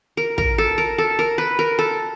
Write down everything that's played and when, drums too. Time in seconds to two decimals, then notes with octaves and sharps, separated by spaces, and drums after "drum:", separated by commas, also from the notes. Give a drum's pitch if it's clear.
0.17 A#4
0.38 A#4, drum: kick
0.58 A4
0.78 A#4
0.98 A4
1.19 A#4
1.38 B4
1.59 A#4
1.79 A4